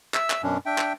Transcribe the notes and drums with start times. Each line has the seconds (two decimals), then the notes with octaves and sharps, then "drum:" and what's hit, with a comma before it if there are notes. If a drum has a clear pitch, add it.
0.14 E5 E6, drum: clap
0.30 drum: clap
0.43 F#2 B2 C#4 D4
0.66 D4 E5 G5
0.78 drum: clap